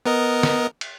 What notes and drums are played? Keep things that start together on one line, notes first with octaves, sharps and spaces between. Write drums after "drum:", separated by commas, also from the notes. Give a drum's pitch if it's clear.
B3 A#4 D#5
drum: snare
drum: cymbal